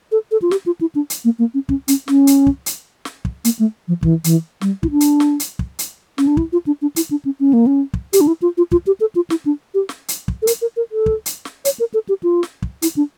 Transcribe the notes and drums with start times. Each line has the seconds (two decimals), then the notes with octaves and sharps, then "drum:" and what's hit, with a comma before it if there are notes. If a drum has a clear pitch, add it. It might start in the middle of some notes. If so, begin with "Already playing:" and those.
0.12 A4
0.31 A4
0.42 F4
0.51 G4, drum: snare
0.66 F4
0.81 E4
0.95 D4
1.10 drum: hi-hat
1.25 A#3
1.39 A#3
1.54 C#4
1.69 C#4, drum: kick
1.88 C#4, drum: hi-hat
2.08 C#4, drum: snare
2.27 drum: hi-hat
2.47 drum: kick
2.66 drum: hi-hat
3.05 drum: snare
3.25 drum: kick
3.45 A#3, drum: hi-hat
3.59 A3
3.88 F3
4.03 E3, drum: kick
4.24 E3, drum: hi-hat
4.61 G3, drum: snare
4.83 E4, drum: kick
4.91 D4
5.01 drum: hi-hat
5.20 drum: snare
5.40 drum: hi-hat
5.59 drum: kick
5.79 drum: hi-hat
6.18 C#4, drum: snare
6.27 D4
6.37 E4, drum: kick
6.52 F4
6.67 D4
6.82 D4
6.96 E4, drum: hi-hat
7.11 D4
7.25 C#4
7.40 C#4
7.53 A#3
7.67 C#4
7.94 drum: kick
8.13 G4, drum: hi-hat
8.21 D4
8.27 E4
8.42 F4
8.57 F4
8.72 F4, drum: kick
8.87 G4
9.00 A4
9.15 F4
9.30 E4, drum: snare
9.46 D4
9.74 G4
9.89 drum: snare
10.08 drum: hi-hat
10.28 drum: kick
10.42 A4
10.47 A#4, drum: hi-hat
10.62 A#4
10.76 A#4
10.92 A4
11.06 drum: kick
11.26 drum: hi-hat
11.45 drum: snare
11.65 C#5, drum: hi-hat
11.80 A#4
11.94 A4
12.09 G4
12.23 F4
12.43 drum: snare
12.62 drum: kick
12.82 E4, drum: hi-hat
12.97 D4